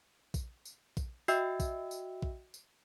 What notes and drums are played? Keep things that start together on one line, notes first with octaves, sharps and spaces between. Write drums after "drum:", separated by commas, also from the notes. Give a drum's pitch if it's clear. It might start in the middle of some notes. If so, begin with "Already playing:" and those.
drum: kick A#1, tambourine
drum: tambourine
drum: kick A#1, tambourine
F#4 D#5 E5 G5 E6, drum: tambourine
drum: kick A#1, tambourine
drum: tambourine
drum: kick A#1
drum: tambourine